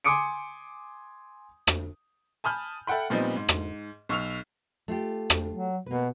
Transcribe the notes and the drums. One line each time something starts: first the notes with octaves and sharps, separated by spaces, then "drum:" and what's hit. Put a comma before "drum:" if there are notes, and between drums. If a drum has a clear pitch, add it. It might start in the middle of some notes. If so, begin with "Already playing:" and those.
G#5 C6 D6 D#6 C#7 D7
drum: rim click
G#5 A5 B5 D#6 F6 G6
A4 E5 F#5 G5 B5
A#2 F3 G3 B3 C4 D#4
G#2
drum: rim click
B1 C#6 E6 F6 F7
A3 F4 G4
drum: rim click
F#3
B2 A#3 B4